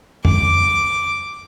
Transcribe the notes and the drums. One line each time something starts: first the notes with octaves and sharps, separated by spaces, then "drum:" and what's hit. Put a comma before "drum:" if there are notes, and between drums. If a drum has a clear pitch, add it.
D6, drum: tom F2